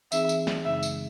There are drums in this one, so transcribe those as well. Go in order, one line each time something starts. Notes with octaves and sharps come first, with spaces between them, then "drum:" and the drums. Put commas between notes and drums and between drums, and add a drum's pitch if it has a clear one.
E3 C4 D#4 G#4 E5, drum: tambourine
drum: tambourine
drum: snare
F#2 C#3 G#3 D#4 E5
drum: tambourine